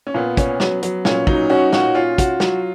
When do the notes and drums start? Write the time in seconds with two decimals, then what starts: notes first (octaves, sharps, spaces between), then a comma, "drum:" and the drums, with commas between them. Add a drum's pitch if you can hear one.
0.07 C#4
0.14 A#2 B3
0.37 C#4, drum: kick, hi-hat
0.60 F#3, drum: snare
0.83 F#3, drum: hi-hat
1.05 A#2 C#4, drum: snare
1.27 F#3 D#4, drum: kick
1.50 C#4 F#4
1.73 A#2 F#4, drum: snare
1.95 C#4 F4
2.18 F#4, drum: kick, hi-hat
2.40 F#3, drum: snare